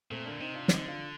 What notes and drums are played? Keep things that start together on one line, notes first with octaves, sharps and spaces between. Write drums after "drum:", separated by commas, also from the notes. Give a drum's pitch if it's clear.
A#2 A3 C4
D3 A#3 D4
C3 C4 D#4
D4 F4
D3 C4 D#4, drum: snare
D4 F4